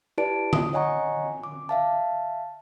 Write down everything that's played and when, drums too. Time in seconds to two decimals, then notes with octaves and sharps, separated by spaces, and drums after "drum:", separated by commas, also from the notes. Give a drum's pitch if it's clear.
0.18 E4 G4 B4 D5 A5 D7
0.53 D#6, drum: tom D3
0.73 C#5 D#5 F#5 G#5 A#5 C#6
1.43 D6
1.69 E5 F5 A5